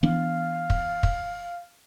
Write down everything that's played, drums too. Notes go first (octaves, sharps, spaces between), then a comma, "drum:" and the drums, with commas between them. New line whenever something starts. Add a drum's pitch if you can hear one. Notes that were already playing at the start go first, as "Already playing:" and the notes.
E3 B3 D4 F5
drum: kick
drum: kick